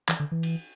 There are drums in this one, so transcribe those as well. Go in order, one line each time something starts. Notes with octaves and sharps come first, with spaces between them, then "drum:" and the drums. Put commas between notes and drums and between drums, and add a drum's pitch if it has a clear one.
E3, drum: clap
D3
E3
drum: cymbal